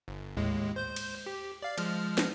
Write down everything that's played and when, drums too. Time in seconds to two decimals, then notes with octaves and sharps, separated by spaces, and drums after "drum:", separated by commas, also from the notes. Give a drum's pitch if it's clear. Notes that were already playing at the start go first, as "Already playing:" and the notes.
0.08 G1
0.37 D#2 A2 G#3
0.76 C5 G6
0.96 drum: cymbal
1.26 G4
1.63 D5 F5
1.78 F3 G#3 F6, drum: cymbal
2.18 drum: snare